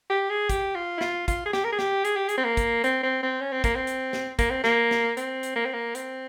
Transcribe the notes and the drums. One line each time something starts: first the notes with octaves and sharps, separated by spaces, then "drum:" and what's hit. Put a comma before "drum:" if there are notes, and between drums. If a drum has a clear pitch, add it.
G4
G#4
G4, drum: kick, hi-hat
F4
E4
F4, drum: snare
F4, drum: kick, hi-hat
G#4
G4, drum: snare
A#4
G#4
G4, drum: snare
G#4, drum: hi-hat
G4
G#4, drum: hi-hat
C4
A#3
drum: kick, hi-hat
C4, drum: hi-hat
C4
C4
C#4
C4
A#3, drum: kick, hi-hat
C4
drum: hi-hat
drum: snare
A#3, drum: kick, hi-hat
C4
A#3, drum: snare
drum: snare
C4, drum: hi-hat
drum: hi-hat
A#3
C4
A#3
C4, drum: hi-hat